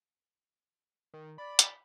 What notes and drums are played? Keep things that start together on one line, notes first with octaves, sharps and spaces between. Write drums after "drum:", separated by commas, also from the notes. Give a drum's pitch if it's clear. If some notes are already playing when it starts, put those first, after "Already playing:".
D#3
D5 B5
drum: hi-hat